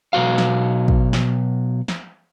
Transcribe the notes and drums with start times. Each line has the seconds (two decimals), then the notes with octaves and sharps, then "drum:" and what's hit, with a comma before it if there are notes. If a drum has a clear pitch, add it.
0.13 B2 F#3 F#4 F5
0.38 drum: snare
0.88 drum: kick
1.13 drum: snare
1.88 drum: snare